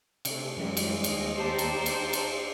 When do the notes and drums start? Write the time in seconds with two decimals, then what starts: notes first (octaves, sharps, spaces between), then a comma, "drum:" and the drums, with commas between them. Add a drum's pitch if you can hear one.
0.25 C3 A3, drum: cymbal
0.56 F#2 E3 G3 G#3
0.77 drum: cymbal
1.04 D#2 D#5, drum: cymbal
1.37 G4 C5 A5 A#5
1.59 drum: cymbal
1.86 drum: cymbal
2.13 drum: cymbal